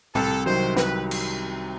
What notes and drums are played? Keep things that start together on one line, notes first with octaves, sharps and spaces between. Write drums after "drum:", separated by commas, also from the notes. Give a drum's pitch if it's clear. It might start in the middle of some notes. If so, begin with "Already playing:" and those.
C2 A4, drum: tom A2
C3 D#3 F#3 C5
C2 B4, drum: snare
drum: cymbal